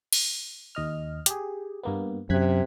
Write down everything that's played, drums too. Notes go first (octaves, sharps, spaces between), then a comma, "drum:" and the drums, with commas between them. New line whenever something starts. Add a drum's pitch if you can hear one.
drum: cymbal
D#2 D#5 F6
G4 G#4, drum: hi-hat
G2 A#3 B3
F#2 C3 F#6 G#6 B6